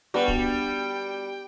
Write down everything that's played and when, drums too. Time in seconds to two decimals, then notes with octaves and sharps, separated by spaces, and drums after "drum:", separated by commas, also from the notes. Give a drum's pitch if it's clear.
0.14 G3 B3 D4 F#4 G5
0.28 drum: kick